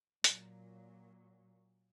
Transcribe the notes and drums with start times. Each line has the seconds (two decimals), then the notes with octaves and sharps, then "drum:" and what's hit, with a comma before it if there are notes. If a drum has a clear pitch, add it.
0.24 A#2 F#3, drum: hi-hat